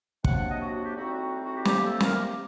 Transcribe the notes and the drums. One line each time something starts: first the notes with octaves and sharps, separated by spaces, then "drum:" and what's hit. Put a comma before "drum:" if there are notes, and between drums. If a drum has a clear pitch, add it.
C3 F#3 A#3 D4 F#5, drum: kick
F#5
D#5
F#4
F#4
G4
A2 G3 C4 D#4 F#4
F#4
F#4
G4
C3 G3 A#3 G4, drum: snare
A4
A#4, drum: snare
G4
G4